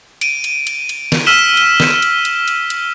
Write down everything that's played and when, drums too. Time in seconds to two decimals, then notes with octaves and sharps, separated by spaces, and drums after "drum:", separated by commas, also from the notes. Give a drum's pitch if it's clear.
0.21 D7 D#7, drum: cymbal
0.44 drum: cymbal
0.67 drum: cymbal
0.89 drum: cymbal
1.12 drum: snare
1.26 E6 F6 B6 D#7 E7 G7
1.57 drum: cymbal
1.80 drum: snare
2.02 drum: cymbal
2.25 drum: cymbal
2.48 drum: cymbal
2.70 drum: cymbal